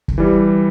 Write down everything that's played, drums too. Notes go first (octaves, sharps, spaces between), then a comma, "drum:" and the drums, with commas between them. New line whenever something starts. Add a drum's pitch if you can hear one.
drum: kick
E3 G3